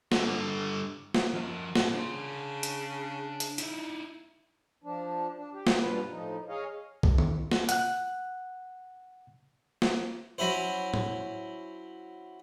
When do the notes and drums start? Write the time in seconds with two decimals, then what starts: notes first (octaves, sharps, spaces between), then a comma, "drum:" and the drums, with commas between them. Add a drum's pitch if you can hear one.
0.12 G2 D3, drum: snare
1.14 drum: snare
1.33 F#2 F3 D#5
1.75 A2, drum: snare
1.94 C#3 D4 C6
2.63 drum: hi-hat
3.40 drum: hi-hat
3.58 D#4 E4, drum: hi-hat
4.84 F3 D4
5.36 D4
5.54 G4
5.67 drum: snare
5.81 G2 B2 F4 B4
6.10 A2 F3 D#4
6.49 G#4 C#5 D#5 F5
7.03 drum: kick C2
7.18 drum: tom D#3
7.52 drum: snare
7.69 F#5 F#6, drum: hi-hat
9.82 drum: snare
10.38 F#3 C#4 E4 C5
10.94 drum: tom A2